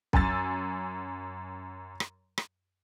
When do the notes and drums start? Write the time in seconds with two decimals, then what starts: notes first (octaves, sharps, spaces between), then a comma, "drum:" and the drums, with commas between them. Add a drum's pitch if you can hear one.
0.13 F#2 G#5 E6 A6, drum: kick B1
2.00 drum: rim click
2.38 drum: rim click